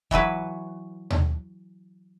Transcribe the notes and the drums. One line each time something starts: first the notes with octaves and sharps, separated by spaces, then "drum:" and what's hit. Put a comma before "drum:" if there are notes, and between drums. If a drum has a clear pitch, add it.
E3 F#3 F#4 B4, drum: kick
drum: tom D#2